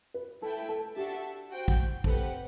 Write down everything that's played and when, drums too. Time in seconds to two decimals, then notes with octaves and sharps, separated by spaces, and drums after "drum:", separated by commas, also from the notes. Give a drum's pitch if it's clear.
0.14 B4
0.42 A3 E4 A4 B4 E5 G5
0.69 A4
0.96 D4 F#4 G4 A4 E5 A5
1.50 F#4 C5 G5
1.68 drum: kick
2.04 C4 G4 A4 B4 F#5, drum: kick